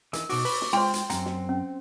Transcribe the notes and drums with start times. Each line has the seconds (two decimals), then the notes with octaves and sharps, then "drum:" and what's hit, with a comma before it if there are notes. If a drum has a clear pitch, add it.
0.13 E3 D#4 A#4, drum: hi-hat
0.30 B2 D#4 F#4 C#6 D6, drum: open hi-hat
0.45 B4 B5, drum: open hi-hat
0.61 drum: snare
0.73 G#3 F4 C5 G5 C6
0.93 drum: hi-hat
1.10 F#2 C4 F#5 A#5, drum: hi-hat
1.26 drum: snare
1.49 C#4